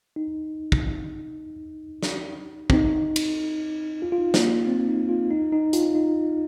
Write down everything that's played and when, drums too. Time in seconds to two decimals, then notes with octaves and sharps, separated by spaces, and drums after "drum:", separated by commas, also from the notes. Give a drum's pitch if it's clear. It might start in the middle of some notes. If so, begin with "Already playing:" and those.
0.16 D#4
0.72 drum: kick
2.03 drum: snare
2.70 C4, drum: kick
2.73 D#4
3.16 drum: cymbal
4.02 F4
4.12 F4
4.18 D#4
4.34 A#3, drum: snare
4.67 C4
4.88 D#4
5.09 F4
5.31 D#4
5.52 D#4
5.73 F4, drum: hi-hat
5.95 D#4